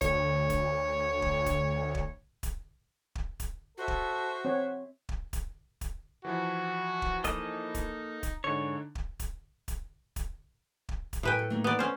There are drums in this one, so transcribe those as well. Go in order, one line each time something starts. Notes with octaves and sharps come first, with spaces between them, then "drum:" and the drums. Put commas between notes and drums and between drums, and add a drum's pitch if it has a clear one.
D2 C#5, drum: kick, hi-hat
drum: kick, hi-hat
drum: kick
drum: kick, hi-hat
drum: kick
drum: kick, hi-hat
drum: kick
drum: kick, hi-hat
F#4 A4 C5 E5
drum: kick
C4 C#5 F#5
drum: kick
drum: kick, hi-hat
drum: kick, hi-hat
E3 F3 E4 F#4
drum: kick
A#3 D#4 A4 D#5, drum: kick, hi-hat
drum: kick, hi-hat
drum: kick, hi-hat
G#2 D3 D4 D#4 C#5
drum: kick
drum: kick, hi-hat
drum: kick, hi-hat
drum: kick, hi-hat
drum: kick
drum: kick, hi-hat
A2 A#4 B4 G5 G#5
A4
A3 A#3 D#4
B3 D5
C#4 C5